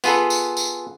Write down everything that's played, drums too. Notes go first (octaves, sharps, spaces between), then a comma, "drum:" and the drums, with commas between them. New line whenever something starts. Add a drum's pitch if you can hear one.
B3 F4 G#4 A4 B4, drum: tambourine
drum: tambourine
drum: tambourine